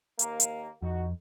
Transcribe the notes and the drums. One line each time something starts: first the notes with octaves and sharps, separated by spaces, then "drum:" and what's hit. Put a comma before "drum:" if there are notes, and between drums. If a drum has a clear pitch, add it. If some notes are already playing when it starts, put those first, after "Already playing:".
D#2 A#3, drum: hi-hat
drum: hi-hat
F2 D#4 F#4